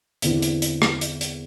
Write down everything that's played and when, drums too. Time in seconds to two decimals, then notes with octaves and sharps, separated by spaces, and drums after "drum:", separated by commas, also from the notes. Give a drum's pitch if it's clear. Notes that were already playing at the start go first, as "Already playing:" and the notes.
0.22 E2 D3 C4 E4, drum: hi-hat
0.42 drum: hi-hat
0.62 drum: hi-hat
0.82 drum: rim click
1.01 drum: hi-hat
1.21 drum: hi-hat